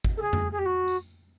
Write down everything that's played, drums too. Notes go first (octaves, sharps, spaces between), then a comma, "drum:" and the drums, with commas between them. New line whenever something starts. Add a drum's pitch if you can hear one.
drum: kick
A4
G#4
drum: tom F2
G#4
G4
F#4
drum: tambourine